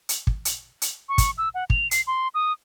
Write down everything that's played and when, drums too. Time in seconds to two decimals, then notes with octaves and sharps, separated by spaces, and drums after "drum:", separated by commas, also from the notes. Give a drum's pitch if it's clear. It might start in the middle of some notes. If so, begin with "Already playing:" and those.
0.09 drum: hi-hat
0.27 drum: kick
0.45 drum: hi-hat
0.82 drum: hi-hat
1.09 C#6
1.18 drum: kick, hi-hat
1.38 E6
1.54 F#5
1.70 F7, drum: kick
1.91 C7, drum: hi-hat
2.07 C6
2.34 D#6